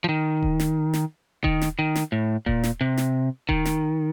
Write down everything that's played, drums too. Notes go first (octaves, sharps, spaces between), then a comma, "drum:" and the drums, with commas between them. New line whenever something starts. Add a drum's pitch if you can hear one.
F3
D#3
drum: kick D#1
drum: snare
drum: snare
D#3, drum: kick D#1
drum: snare
D#3
drum: snare
A2
A#2, drum: kick D#1
drum: snare
C3
drum: snare
D#3, drum: kick D#1
drum: snare